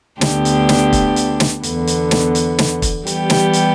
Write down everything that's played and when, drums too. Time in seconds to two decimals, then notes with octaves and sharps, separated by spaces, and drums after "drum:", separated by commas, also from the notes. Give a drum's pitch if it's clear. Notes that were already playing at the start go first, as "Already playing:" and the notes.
0.21 D2 D3 B3 D4 G4, drum: snare
0.45 drum: hi-hat
0.69 drum: snare
0.93 drum: kick, hi-hat
1.16 drum: hi-hat
1.40 drum: snare
1.63 E2 D3 B3, drum: hi-hat
1.87 drum: hi-hat
2.11 drum: snare
2.35 drum: hi-hat
2.59 drum: snare
2.82 drum: kick, hi-hat
3.07 E3 G3 B3 G4, drum: hi-hat
3.30 drum: snare
3.53 drum: hi-hat